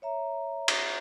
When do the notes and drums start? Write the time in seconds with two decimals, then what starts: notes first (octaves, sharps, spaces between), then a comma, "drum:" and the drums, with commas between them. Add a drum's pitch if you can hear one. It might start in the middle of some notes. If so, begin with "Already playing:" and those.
0.02 C#5 E5 A#5
0.68 drum: cymbal